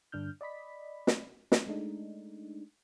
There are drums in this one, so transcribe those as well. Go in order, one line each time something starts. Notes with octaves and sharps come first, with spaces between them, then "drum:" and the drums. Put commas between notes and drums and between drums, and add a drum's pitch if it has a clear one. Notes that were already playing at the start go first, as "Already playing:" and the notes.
G2 D3 D4 F6 G6
D5 D#5 B5 B6
drum: snare
drum: snare
G#3 A3 D4 D#4